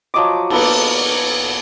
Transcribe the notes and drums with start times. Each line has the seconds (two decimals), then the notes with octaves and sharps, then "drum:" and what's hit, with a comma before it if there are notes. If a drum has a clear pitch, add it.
0.14 F3 F#3 D#5 D6
0.50 A#3 B3 A4, drum: cymbal